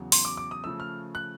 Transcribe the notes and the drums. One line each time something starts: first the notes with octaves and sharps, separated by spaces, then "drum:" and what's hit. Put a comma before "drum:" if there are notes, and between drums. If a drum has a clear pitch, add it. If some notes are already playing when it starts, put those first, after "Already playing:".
Already playing: E2 C#3 F#3
C6, drum: open hi-hat
D6
D6
D#6
C#3 F3 A3 E6
F6
F#6